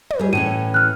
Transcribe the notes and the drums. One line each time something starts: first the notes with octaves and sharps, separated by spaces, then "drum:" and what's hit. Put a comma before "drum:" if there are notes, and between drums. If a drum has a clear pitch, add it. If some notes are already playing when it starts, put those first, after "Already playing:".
drum: tom
G3 G#4
A2 E3 C#4 D#7
F6 F#6